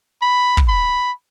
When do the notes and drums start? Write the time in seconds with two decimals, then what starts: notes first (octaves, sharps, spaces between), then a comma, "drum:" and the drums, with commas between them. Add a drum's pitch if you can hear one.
0.22 B5
0.57 drum: kick
0.68 B5